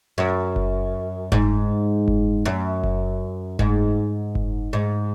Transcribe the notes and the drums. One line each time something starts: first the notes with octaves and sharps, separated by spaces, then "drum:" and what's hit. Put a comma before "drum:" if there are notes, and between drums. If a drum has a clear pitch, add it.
F#2
drum: kick F#1
G#2, drum: kick F#1
drum: kick F#1
F#2
drum: kick F#1
G#2, drum: kick F#1
drum: kick F#1
G#2